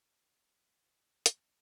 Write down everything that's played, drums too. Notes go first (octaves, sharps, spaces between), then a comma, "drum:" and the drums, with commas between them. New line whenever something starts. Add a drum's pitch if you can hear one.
D#3 E3 F#3 G3 A#3 B3
drum: hi-hat